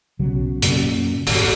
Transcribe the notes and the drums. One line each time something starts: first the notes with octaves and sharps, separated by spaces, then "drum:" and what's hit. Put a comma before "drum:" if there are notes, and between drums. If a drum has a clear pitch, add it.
B1 C#3 F#3
F#2 A#2 C#3, drum: hi-hat
D#1 G#1 D#2, drum: open hi-hat